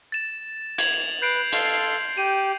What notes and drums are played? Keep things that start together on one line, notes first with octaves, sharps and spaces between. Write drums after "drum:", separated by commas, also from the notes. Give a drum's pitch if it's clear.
A6 E7
G#6 F7 F#7, drum: hi-hat
B4 G6 C7 D7
A4 F5 C6, drum: hi-hat
G4 D#7